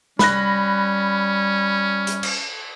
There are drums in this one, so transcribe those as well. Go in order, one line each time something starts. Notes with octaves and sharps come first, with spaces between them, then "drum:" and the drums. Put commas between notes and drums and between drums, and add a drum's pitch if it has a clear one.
G3 C#4 B5 F#6 A#6, drum: snare
drum: hi-hat
drum: cymbal